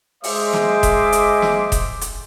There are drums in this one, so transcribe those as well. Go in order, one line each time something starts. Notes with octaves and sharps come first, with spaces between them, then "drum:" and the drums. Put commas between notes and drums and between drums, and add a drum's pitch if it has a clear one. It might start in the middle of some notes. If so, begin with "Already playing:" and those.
G#3 G#4 C5 D#5 E5 D6, drum: open hi-hat
drum: snare
drum: kick E1, hi-hat
drum: hi-hat
drum: snare
drum: kick E1, hi-hat
drum: hi-hat